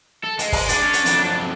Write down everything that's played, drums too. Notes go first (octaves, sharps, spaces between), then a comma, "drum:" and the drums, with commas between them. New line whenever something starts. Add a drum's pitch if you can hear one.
A4
G#3, drum: hi-hat
drum: kick, open hi-hat
D4, drum: hi-hat
C#4
drum: hi-hat
F2 F#3, drum: hi-hat